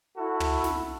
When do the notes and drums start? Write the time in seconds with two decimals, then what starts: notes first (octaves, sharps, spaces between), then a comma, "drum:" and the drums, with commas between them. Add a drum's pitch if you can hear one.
0.17 E4 F#4 A4
0.40 drum: tom
0.64 drum: snare